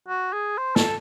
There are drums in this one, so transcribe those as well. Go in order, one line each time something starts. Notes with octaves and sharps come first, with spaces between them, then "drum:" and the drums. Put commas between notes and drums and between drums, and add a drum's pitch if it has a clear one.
F#4
G#4
C5
A4, drum: snare